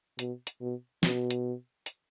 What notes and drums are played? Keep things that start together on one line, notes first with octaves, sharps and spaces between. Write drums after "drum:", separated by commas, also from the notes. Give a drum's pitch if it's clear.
B2, drum: hi-hat
drum: hi-hat
B2
B2, drum: snare
drum: hi-hat
drum: hi-hat